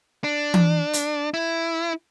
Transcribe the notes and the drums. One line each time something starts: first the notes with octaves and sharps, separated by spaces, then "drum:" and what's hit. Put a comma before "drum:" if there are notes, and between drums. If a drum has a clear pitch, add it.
D4
drum: tom E3
drum: hi-hat
E4